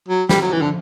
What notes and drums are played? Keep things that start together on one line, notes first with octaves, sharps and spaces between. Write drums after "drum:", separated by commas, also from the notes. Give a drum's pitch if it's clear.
F#3
G3, drum: snare
F#3
E3
D3